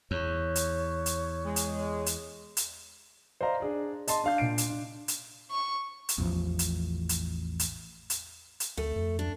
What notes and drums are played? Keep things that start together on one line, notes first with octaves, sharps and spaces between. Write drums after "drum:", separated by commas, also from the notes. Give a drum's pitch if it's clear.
E2 C#5
drum: hi-hat
drum: hi-hat
G#3
drum: hi-hat
drum: hi-hat
drum: hi-hat
C5 D5 D#5 F5 A#5
D4 G#4 D5
D#5 A5 C6, drum: hi-hat
D4 F5 G6
A#2 D4 C7 D7
drum: hi-hat
D4
drum: hi-hat
C#6
drum: hi-hat
A1 E2 F3
drum: hi-hat
drum: hi-hat
drum: hi-hat
drum: hi-hat
drum: hi-hat
D2 A3
F2
D4